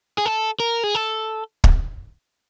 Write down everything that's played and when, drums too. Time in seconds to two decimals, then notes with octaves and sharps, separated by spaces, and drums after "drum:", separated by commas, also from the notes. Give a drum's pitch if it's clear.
0.18 G#4
0.26 A4
0.60 A#4
0.84 G#4
0.95 A4
1.64 drum: kick